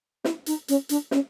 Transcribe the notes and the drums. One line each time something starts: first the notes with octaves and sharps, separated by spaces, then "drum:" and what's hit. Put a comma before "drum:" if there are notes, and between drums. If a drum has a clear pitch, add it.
E4, drum: snare
D#4, drum: hi-hat
C#4, drum: hi-hat
D4, drum: hi-hat
C#4, drum: snare